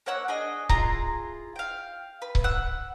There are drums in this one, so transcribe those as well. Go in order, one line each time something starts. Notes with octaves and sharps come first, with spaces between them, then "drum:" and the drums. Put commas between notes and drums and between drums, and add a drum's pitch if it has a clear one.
A#3 C#5 F#5 E6
D4 G#4 D#5
E4 F4 G#4 A#5, drum: kick C#1
F5 G5
B4
drum: kick C#1
F#5 E6